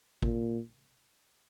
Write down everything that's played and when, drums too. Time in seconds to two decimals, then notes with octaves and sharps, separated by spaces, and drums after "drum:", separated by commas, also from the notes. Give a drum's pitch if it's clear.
0.22 A#2, drum: kick